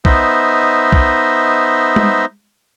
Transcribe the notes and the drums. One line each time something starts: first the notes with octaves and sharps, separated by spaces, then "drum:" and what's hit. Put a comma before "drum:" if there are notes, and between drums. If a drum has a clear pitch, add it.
B3 D#4 C5 D#5 E5, drum: kick
drum: kick
drum: tom G#3